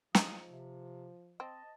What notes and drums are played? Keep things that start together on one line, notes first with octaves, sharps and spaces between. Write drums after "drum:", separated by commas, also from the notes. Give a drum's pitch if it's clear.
F3 G#3 D#4 F5 D#6, drum: snare
C3
C4 D#5 A5